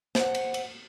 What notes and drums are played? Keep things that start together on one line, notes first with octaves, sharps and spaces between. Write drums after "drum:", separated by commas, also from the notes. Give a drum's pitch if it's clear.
C5 F#5, drum: snare
drum: cymbal
drum: cymbal